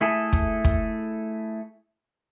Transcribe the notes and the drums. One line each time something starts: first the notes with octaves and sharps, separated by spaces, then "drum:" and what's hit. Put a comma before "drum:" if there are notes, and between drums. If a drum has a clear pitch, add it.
A3 E4 G#4 A4
drum: kick
drum: kick